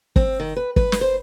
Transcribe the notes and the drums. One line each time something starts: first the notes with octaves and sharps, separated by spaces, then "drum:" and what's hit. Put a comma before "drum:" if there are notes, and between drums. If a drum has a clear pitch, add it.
C4, drum: kick
D#3
B4
B4, drum: kick
drum: snare
C5